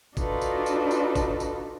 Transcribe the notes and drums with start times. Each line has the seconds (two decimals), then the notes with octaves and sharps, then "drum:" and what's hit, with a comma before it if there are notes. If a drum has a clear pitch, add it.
0.17 D4 D#4 F4 F#4 A4 B4, drum: kick, tambourine
0.41 drum: tambourine
0.66 drum: tambourine
0.91 drum: tambourine
1.16 drum: kick, tambourine
1.40 drum: tambourine